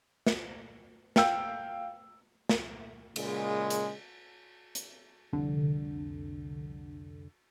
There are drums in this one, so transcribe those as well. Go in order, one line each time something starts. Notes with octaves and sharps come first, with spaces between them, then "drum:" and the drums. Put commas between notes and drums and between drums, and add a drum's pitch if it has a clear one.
drum: snare
F5 G5 E6, drum: snare
drum: snare
A#2 C#3 G#3, drum: cymbal
drum: hi-hat
drum: hi-hat
C2 F2 D3